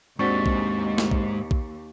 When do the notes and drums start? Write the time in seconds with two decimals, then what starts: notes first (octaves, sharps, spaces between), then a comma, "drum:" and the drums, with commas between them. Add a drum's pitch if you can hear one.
0.19 D#2 G#2 C4 D4 F#4 C#6 A6 B6
0.46 drum: kick A#1
0.98 drum: snare
1.11 drum: kick A#1
1.51 drum: kick A#1